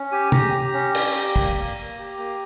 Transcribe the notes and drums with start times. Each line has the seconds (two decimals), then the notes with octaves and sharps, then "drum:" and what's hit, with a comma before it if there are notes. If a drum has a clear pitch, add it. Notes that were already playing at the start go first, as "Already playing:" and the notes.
Already playing: C#4
0.12 G4 G#5
0.32 G4 A#5, drum: tom
0.54 G4
0.74 C#4
0.95 G4, drum: cymbal
1.15 G4
1.36 A#3, drum: kick
1.57 A#3
1.77 A#3
1.99 G4
2.19 A#3